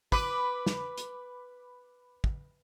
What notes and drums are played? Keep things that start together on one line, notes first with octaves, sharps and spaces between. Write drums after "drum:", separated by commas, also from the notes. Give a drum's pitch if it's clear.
B4 B5 D6, drum: kick
drum: snare
drum: hi-hat
drum: kick